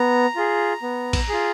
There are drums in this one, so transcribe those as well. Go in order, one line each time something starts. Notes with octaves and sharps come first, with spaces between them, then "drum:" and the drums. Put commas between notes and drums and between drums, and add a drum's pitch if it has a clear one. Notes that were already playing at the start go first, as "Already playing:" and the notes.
Already playing: B3 A#5
F4 G#4
B3
drum: kick A#1, cymbal
F4 G#4